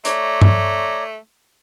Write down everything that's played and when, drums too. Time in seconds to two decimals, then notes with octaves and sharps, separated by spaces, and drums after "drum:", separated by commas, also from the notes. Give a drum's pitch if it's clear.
0.05 A3 C#5 D5 A#5, drum: hi-hat
0.41 drum: tom G2